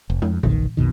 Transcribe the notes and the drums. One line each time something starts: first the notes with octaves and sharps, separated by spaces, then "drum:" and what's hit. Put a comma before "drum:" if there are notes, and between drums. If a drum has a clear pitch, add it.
F1
F2, drum: tom
F#1 B1 D#3, drum: tom A#2
B1 F2 B2 D#3